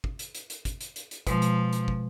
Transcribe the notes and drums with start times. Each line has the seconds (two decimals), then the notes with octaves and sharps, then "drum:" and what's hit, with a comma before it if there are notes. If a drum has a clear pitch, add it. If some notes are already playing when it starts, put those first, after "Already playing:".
0.04 drum: kick
0.19 drum: hi-hat
0.35 drum: hi-hat
0.50 drum: hi-hat
0.65 drum: kick, hi-hat
0.81 drum: hi-hat
0.96 drum: hi-hat
1.11 drum: hi-hat
1.27 B2 F3 G#3, drum: kick, hi-hat
1.42 drum: hi-hat
1.73 drum: hi-hat
1.88 drum: kick